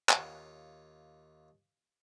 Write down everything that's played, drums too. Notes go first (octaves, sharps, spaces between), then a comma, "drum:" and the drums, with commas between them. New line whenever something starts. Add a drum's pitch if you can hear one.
D#2 F4 C#5, drum: clap